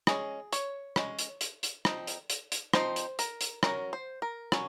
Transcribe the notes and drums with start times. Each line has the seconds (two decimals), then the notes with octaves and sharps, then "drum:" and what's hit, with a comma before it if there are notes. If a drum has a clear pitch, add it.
0.07 G#3 C#4 G#4, drum: rim click
0.53 C#5, drum: hi-hat
0.96 G#3 C#4, drum: rim click
1.19 drum: hi-hat
1.41 drum: hi-hat
1.63 drum: hi-hat
1.85 F3 C4 D#4, drum: rim click
2.07 drum: hi-hat
2.30 drum: hi-hat
2.52 drum: hi-hat
2.73 F3 C4 D#4 C5, drum: rim click
2.96 drum: hi-hat
3.19 A#4, drum: hi-hat
3.41 drum: hi-hat
3.63 F#3 C#4 A#4, drum: rim click
3.93 C5
4.22 A#4
4.52 F#3 C#4, drum: rim click